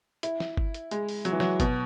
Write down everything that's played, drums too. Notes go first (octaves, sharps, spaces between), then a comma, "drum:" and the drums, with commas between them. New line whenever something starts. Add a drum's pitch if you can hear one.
E4, drum: hi-hat
drum: snare
drum: kick G1
drum: hi-hat
G#3, drum: hi-hat
drum: open hi-hat
F#3, drum: hi-hat
E3
F#3, drum: snare
B2, drum: kick G1, hi-hat